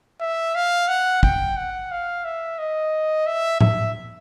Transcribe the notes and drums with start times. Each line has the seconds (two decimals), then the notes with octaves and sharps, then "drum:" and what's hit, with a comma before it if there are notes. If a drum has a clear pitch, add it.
0.21 E5
0.55 F5
0.88 F#5
1.23 G5, drum: kick
1.57 F#5
1.91 F5
2.25 E5
2.59 D#5
3.27 E5
3.61 E5, drum: tom A2